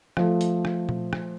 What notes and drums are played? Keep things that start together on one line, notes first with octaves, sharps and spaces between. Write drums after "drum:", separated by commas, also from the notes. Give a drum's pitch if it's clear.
F3 A3, drum: rim click
drum: hi-hat
drum: rim click
drum: tom A#2
drum: rim click